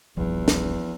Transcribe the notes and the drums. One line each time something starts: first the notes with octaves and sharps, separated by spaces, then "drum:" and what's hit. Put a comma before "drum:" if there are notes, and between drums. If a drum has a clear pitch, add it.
D#1 B1 E2 G2 F3
drum: snare